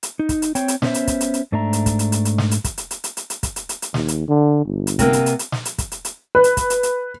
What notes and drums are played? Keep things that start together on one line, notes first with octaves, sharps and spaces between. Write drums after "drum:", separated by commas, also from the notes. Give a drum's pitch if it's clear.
drum: hi-hat
D#4
drum: kick, hi-hat
drum: hi-hat
C4 C#5 G5, drum: hi-hat
drum: hi-hat
B3 C#4 A#4 C5 E5, drum: snare
drum: hi-hat
drum: kick, hi-hat
drum: hi-hat
drum: hi-hat
G#2 A3 D4 E5 A#5
drum: hi-hat
drum: kick, hi-hat
drum: hi-hat
drum: hi-hat
drum: hi-hat
drum: snare
drum: hi-hat
drum: kick, hi-hat
drum: hi-hat
drum: hi-hat
drum: hi-hat
drum: hi-hat
drum: hi-hat
drum: kick, hi-hat
drum: hi-hat
drum: hi-hat
drum: hi-hat
D#2, drum: snare
drum: hi-hat
D3
G1
drum: hi-hat
C3 A#3 B3, drum: kick, hi-hat
drum: hi-hat
drum: hi-hat
drum: hi-hat
drum: snare
drum: hi-hat
drum: kick, hi-hat
drum: hi-hat
drum: hi-hat
B4
drum: hi-hat
drum: kick, hi-hat
drum: hi-hat
drum: hi-hat